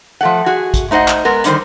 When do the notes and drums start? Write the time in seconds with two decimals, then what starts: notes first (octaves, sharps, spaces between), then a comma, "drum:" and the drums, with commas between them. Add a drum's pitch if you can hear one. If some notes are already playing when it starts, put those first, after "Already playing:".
0.21 F3 A3 F#5
0.46 F#4 G#4
0.74 drum: kick A1, hi-hat
0.91 A3 D#4 C5 D#5 F#5
1.08 drum: clap
1.25 G#3 B3 A#4
1.44 D3 D#3 G3 C5, drum: hi-hat